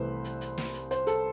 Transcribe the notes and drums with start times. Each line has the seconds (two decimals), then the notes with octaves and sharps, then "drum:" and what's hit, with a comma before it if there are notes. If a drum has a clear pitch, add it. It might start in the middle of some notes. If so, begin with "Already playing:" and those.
Already playing: C2 C3 E3 A3 B4 C5
0.25 drum: hi-hat
0.41 drum: hi-hat
0.58 drum: snare
0.74 drum: hi-hat
0.91 C5, drum: hi-hat
1.07 A4, drum: hi-hat